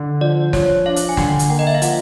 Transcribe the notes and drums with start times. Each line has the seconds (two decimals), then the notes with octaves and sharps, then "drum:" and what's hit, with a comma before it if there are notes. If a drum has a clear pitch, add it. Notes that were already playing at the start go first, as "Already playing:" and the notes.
Already playing: D3
0.21 F3 D5
0.53 F3 C#5, drum: snare
0.86 D4 F5
0.96 drum: hi-hat
1.09 G#5
1.17 D3 G5, drum: snare
1.39 drum: hi-hat
1.50 A#3 G5
1.59 D#5
1.67 E5
1.75 F5
1.82 F3 F#5, drum: hi-hat